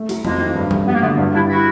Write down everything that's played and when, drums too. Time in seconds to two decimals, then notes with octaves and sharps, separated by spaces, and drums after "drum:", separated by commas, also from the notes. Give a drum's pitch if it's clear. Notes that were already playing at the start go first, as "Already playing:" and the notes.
Already playing: A3
0.09 F#3, drum: cymbal
0.25 F2 G#3 A#3, drum: tom E3
0.40 D#3
0.55 G2
0.71 G3, drum: tom E3
0.87 F#3 B3
0.94 A#3
1.01 D3 A3 B3
1.18 G2
1.34 G3 D4 E4
1.49 E4 F#4